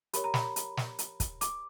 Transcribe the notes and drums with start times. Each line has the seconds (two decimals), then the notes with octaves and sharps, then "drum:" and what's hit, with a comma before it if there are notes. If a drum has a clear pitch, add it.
0.13 G4 A#4 C#5 B5, drum: hi-hat
0.24 A#5
0.34 B5, drum: snare
0.56 drum: hi-hat
0.77 drum: snare
0.99 drum: hi-hat
1.20 drum: kick, hi-hat
1.41 D6, drum: hi-hat